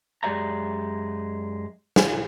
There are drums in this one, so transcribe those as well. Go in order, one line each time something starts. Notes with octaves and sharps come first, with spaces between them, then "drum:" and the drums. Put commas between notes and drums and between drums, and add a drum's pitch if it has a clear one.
F#2 G#3 G4 D5 E5 A#5
drum: snare